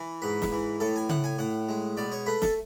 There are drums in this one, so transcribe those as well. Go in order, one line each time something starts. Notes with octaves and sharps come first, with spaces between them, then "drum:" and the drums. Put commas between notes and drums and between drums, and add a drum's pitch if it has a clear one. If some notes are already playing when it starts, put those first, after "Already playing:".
Already playing: E3
G#2 B4
drum: snare
E3
A2 A4
G#5
A2 F#5, drum: tom C#3
G#5
A2 F#5
G#3
B2 D5
C#5
A3 B4
A4, drum: snare